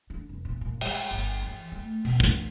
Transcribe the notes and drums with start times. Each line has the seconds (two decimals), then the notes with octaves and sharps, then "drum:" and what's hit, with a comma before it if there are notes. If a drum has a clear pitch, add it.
0.10 D3
0.29 F1
0.45 A#2
0.61 A#2
0.81 G#3, drum: cymbal
1.11 G1
1.43 E3
1.72 A3
2.05 B2, drum: open hi-hat
2.20 D2, drum: kick